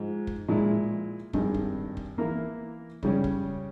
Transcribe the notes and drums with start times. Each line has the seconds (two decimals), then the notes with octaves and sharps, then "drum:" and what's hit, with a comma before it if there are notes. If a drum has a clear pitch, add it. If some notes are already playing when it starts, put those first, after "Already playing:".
Already playing: G#2 F3
0.27 drum: kick
0.48 A#2 F3 G#3 E4
1.33 G#1 G2 G3, drum: kick
1.54 drum: kick
1.97 drum: kick
2.18 E3 A#3 E4 A#4
3.03 C#3 G3 C#4, drum: kick
3.24 drum: kick